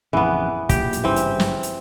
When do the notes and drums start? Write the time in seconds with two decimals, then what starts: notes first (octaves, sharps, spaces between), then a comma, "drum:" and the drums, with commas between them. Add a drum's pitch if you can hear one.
0.13 A1 F2 C#3 E3 B3
0.69 B1 A#2 G4, drum: kick, hi-hat
0.93 drum: hi-hat
1.04 G#1 G2 C#3 E3 C4
1.16 drum: hi-hat
1.40 drum: snare
1.63 drum: hi-hat